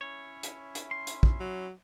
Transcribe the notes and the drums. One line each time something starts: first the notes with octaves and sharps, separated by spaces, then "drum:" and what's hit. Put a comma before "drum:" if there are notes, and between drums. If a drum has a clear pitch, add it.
C#4 E4 C#5 E5
drum: hi-hat
drum: hi-hat
C6
drum: hi-hat
drum: kick
F#3